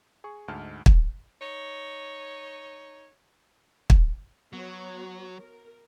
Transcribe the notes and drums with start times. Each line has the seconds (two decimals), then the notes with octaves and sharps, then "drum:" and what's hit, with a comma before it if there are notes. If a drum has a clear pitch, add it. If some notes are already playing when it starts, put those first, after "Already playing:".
0.24 G#4 C#6
0.48 D2 G#2 D#4 A5 F6
0.86 drum: kick
1.42 D#4 C#5
3.90 drum: kick
4.53 F#3 B3 F#4 C#5
5.40 A#4